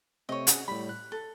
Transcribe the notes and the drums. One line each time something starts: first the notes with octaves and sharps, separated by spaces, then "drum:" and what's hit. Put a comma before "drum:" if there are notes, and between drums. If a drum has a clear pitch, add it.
C3 A3 C4 C#5 D#5
C#4 F#4 G#4, drum: hi-hat
A2 G3 B5
F#6
A4